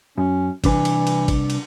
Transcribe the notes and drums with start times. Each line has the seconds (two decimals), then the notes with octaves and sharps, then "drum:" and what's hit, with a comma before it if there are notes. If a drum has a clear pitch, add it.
0.18 F#2 C#4
0.64 C2 E3 D4 B4, drum: kick G#1, cymbal
0.85 drum: cymbal
1.07 drum: cymbal
1.28 drum: kick G#1, cymbal
1.50 drum: cymbal